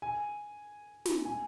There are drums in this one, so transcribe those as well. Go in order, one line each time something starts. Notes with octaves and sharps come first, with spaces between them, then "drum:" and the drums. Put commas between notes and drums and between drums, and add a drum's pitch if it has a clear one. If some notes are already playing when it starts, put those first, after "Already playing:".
G#5
drum: snare
G#5